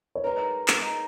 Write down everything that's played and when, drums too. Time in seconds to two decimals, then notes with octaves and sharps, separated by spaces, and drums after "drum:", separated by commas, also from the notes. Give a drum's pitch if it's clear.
0.15 C#5
0.24 G#3 D#4 A#4 B4
0.68 drum: clap
0.82 G#3 D#4 A#4